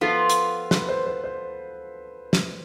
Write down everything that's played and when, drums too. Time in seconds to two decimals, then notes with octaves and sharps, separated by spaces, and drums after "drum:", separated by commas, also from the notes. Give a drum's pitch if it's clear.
0.01 F3 B3 F4 A4
0.30 drum: hi-hat
0.71 B4, drum: snare
0.89 C5
1.06 C5
1.24 C5
2.33 drum: snare